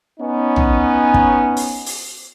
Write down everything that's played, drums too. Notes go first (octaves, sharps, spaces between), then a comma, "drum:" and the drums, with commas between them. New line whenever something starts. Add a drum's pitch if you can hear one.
B3 C#4 D#4
drum: tom
drum: kick
drum: open hi-hat
drum: open hi-hat